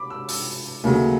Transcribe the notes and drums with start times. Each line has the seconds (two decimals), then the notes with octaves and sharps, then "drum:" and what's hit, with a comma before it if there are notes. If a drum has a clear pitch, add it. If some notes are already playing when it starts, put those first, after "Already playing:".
Already playing: B5 D6
0.10 E6
0.29 E6, drum: open hi-hat
0.84 D#2 C#3 F#3 A3